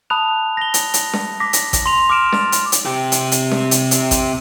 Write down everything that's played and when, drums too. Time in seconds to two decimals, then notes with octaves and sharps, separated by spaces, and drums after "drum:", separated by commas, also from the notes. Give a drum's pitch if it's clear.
0.10 A5 B5 D#6 F#6 F7
0.57 A#6 G7
0.74 drum: hi-hat
0.94 drum: hi-hat
1.13 drum: snare
1.40 D6 A#6 B6
1.53 drum: hi-hat
1.73 drum: kick A1, hi-hat
1.86 C6 F7
2.10 D6 F6 D7 E7
2.32 A6, drum: snare
2.52 drum: hi-hat
2.72 drum: hi-hat
2.86 C3 G4
3.12 drum: hi-hat
3.32 drum: hi-hat
3.51 drum: snare
3.71 drum: hi-hat
3.91 drum: hi-hat
4.11 drum: kick A1, hi-hat